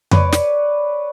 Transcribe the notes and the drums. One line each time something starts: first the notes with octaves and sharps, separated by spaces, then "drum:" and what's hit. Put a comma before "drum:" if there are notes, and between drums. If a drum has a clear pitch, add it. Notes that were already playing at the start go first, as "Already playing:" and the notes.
B4 C#5 D5, drum: tom F2
drum: snare